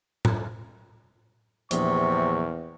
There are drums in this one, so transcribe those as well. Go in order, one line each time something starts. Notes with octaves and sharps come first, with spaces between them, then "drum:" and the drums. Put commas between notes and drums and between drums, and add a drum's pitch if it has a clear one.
drum: tom A2
A#1 E2 C3 C#6, drum: hi-hat